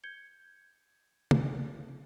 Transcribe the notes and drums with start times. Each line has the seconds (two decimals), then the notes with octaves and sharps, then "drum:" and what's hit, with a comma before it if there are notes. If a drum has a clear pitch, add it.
0.04 G6 G#6 C#7 G7
1.31 drum: tom